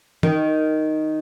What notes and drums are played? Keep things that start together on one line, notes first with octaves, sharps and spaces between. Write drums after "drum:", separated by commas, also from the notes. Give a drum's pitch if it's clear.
D#3, drum: tom